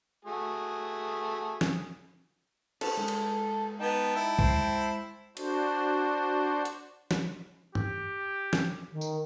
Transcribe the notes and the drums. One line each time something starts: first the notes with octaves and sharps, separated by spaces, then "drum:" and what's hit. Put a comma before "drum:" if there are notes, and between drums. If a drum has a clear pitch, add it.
A3 F#4 G#4
drum: snare
C#4 A4 C5, drum: cymbal
G#3 G#4
drum: cymbal
B3 D#4 G5 A5
E4
G#3 C4 C5, drum: kick
D4 F#4 C5, drum: cymbal
drum: hi-hat
drum: snare
G4, drum: tom G2
drum: snare
D#3
drum: tambourine